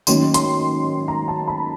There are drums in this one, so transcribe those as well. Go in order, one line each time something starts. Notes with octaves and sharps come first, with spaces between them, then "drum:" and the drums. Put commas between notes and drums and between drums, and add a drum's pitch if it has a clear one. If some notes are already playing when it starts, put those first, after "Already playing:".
D#3 F#3 A#3 C#4 C6, drum: tambourine
C6, drum: hi-hat
A#5
A5
B5